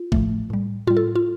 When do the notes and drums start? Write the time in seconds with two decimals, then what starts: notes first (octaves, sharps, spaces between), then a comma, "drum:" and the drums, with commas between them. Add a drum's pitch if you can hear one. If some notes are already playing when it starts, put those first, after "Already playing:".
Already playing: F4
0.12 A2 F3 A3, drum: kick A#1
0.50 A2 G3
0.87 A2 G3 F4
0.97 A4
1.16 F4